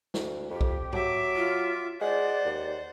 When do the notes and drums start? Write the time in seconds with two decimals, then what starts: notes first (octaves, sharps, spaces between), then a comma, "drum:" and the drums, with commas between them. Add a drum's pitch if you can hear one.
0.14 D2, drum: snare
0.50 F2 G4
0.61 drum: kick B1
0.93 F#3 E5 D6, drum: tom G#2
1.36 F4
2.01 G#3 C5 D5 F#5
2.45 D#2